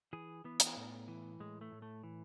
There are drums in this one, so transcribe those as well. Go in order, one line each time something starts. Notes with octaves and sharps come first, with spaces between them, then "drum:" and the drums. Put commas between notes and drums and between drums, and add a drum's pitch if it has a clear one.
E3 G#4
E3 B3
drum: hi-hat
A2
E3
A2 G#3
A3
A2
A3
E3